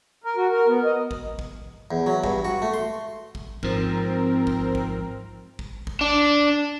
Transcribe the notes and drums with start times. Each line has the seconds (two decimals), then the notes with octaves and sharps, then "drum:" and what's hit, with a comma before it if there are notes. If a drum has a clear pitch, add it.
0.24 A#4
0.37 F#4
0.51 A#4
0.67 B3
0.84 D#5
1.11 drum: kick G#1
1.39 drum: kick G#1
1.91 E2
2.06 F#3
2.24 G2, drum: kick G#1
2.45 F#4
2.62 A3
2.74 C6
3.35 drum: kick G#1
3.63 G#2 F3 C4 A#4, drum: kick G#1
4.47 drum: kick G#1
4.75 drum: kick G#1
5.59 drum: kick G#1
5.87 drum: kick G#1
6.01 D4